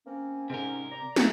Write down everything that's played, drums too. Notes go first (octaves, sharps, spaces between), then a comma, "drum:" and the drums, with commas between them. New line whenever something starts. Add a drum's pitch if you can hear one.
A#3 C4 C#4
G#2 C3 C#4 A#4
D5 A#5
F#3, drum: snare